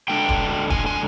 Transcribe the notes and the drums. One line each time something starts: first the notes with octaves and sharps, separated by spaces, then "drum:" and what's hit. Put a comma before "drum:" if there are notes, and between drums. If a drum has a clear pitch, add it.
D3 G#3 D4 G5
drum: kick
G#5, drum: kick
G#5